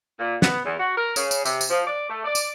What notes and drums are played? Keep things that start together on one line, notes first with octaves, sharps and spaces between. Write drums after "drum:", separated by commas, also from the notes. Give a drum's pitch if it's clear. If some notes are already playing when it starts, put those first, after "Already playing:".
A#2
B3, drum: snare
E2
F#4
A#4
C#3, drum: tambourine
drum: tambourine
C3, drum: tambourine
drum: tambourine
F3
D5
A3
D5
drum: tambourine